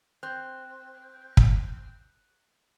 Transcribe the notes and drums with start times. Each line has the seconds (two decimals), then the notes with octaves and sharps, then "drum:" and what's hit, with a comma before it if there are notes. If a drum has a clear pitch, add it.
0.23 C4 F#6
1.37 drum: kick